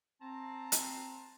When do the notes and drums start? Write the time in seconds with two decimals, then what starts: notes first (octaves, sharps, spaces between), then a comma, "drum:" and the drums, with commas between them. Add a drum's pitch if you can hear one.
0.22 C4 A5 A#5
0.72 drum: hi-hat